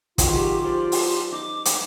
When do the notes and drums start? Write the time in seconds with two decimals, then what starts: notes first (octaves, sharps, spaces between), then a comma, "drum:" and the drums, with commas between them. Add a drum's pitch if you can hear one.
0.18 D#3 F#3 F4 G#4, drum: kick, hi-hat
0.35 G4
0.64 G4 C5 D5
0.92 drum: open hi-hat
1.32 D#4 D6
1.65 drum: hi-hat